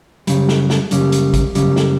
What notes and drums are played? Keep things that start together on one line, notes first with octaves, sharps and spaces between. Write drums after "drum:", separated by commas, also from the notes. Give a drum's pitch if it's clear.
F#2 C#3 G3, drum: hi-hat
drum: snare
drum: snare
F#2 C#3 G3, drum: hi-hat
drum: hi-hat
drum: kick G#1, hi-hat
F#2 C#3 G3, drum: hi-hat
drum: snare